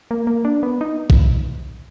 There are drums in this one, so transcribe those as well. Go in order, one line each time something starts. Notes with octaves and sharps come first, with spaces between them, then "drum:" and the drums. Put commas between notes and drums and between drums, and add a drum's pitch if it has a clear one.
A#3
A#3
D4
B3
D#4
drum: kick